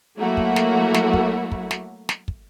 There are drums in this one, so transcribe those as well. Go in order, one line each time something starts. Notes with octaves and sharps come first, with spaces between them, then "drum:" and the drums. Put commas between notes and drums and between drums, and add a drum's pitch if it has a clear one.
F#3 A3 A#3 E4 F#4
drum: kick
drum: snare
drum: snare
drum: kick
drum: kick
drum: snare
drum: snare
drum: kick